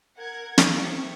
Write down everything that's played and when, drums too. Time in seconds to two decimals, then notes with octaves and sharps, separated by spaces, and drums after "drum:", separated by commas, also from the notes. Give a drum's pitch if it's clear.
0.18 A#4 F#5 G#6
0.58 drum: snare
0.79 C4 E5 C#6